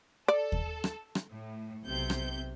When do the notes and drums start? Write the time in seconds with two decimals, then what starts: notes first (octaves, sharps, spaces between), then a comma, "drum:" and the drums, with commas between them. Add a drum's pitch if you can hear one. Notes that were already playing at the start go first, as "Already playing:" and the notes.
0.28 A4 D5
0.52 drum: kick D#2
0.84 drum: rim click
1.15 drum: rim click
1.31 A2
1.84 B1 C3 G6
2.10 drum: rim click